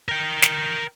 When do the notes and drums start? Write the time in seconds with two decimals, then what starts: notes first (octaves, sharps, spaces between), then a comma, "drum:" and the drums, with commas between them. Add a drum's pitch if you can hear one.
0.09 A#4 G5
0.42 drum: snare